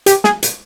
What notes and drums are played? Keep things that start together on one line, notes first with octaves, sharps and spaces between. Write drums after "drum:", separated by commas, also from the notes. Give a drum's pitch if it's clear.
G4, drum: hi-hat
G#4, drum: snare
drum: hi-hat